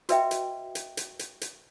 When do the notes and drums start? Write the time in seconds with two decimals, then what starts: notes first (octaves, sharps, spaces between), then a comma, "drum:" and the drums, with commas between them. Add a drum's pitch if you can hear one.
0.09 F#4 B4 D#5 E5 G5, drum: hi-hat
0.31 drum: hi-hat
0.75 drum: hi-hat
0.97 drum: hi-hat
1.19 drum: hi-hat
1.41 drum: hi-hat